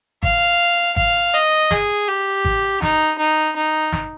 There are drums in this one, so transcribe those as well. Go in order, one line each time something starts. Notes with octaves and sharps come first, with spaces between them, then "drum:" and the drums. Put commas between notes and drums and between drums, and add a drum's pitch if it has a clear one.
F5, drum: kick G#1
F5, drum: kick G#1
D#5
G#4, drum: snare
G4
drum: kick G#1
D#4, drum: snare
D#4
D#4
drum: snare